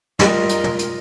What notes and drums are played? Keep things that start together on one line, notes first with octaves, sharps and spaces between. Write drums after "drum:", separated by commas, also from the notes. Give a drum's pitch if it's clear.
G3 F4 A#4 D#5, drum: snare
drum: hi-hat
drum: tom
drum: hi-hat